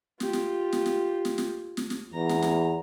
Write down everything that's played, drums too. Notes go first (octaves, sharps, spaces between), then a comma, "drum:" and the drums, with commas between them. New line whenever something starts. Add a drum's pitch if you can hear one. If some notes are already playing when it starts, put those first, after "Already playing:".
F4 G4, drum: snare
drum: snare
drum: snare
drum: snare
drum: snare
drum: snare
drum: snare
drum: snare
E2 A#5
drum: snare
drum: snare